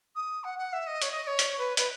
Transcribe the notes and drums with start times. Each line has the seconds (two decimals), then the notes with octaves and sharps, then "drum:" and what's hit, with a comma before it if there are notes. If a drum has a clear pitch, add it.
0.15 D#6
0.44 F#5
0.58 F#5
0.73 E5
0.87 D#5
1.02 C#5, drum: hi-hat
1.11 D#5
1.22 D#5
1.27 C#5
1.39 drum: hi-hat
1.58 B4
1.77 B4, drum: hi-hat